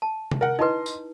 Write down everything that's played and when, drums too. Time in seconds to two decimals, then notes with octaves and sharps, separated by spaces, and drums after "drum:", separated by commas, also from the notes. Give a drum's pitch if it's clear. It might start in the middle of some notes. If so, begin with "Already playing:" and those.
0.02 A5
0.31 drum: tom C3
0.41 A#4 F#5
0.59 D#4 E4 B4 D#5 C6
0.86 drum: tambourine